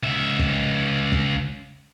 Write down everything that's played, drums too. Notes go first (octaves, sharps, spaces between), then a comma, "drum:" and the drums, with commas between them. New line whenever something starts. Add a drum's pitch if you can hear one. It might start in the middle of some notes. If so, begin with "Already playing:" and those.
C#2 E5
drum: kick
drum: kick